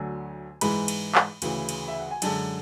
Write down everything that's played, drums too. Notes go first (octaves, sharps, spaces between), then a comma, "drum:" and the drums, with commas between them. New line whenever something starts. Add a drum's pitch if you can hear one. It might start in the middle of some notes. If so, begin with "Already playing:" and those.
Already playing: D2 D3 F#3 G#5
G#2 E3 G#3 B5, drum: cymbal
drum: cymbal
drum: clap
D2 C#3 E3, drum: cymbal
drum: cymbal
E5
F#5
G#5
F#2 D3 G#3 A5, drum: cymbal